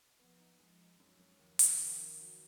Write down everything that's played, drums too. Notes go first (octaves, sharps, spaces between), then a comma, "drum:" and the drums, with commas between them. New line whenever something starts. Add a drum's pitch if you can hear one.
F3 B3
D#4
F3 G#3
D#4
F#2 F3
F#2
D#2 F3
C#3, drum: hi-hat
D#3 F3
D#3
F#3